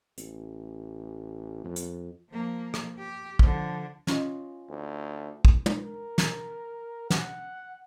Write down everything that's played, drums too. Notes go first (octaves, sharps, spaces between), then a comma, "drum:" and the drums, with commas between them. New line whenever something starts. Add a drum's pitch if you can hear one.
A1, drum: hi-hat
F2
drum: hi-hat
F3 A#3
drum: rim click
G4
D3 F3, drum: kick
C#4 F4 D#5, drum: snare
D2
drum: kick
drum: tom
A#4
drum: snare
F#5, drum: snare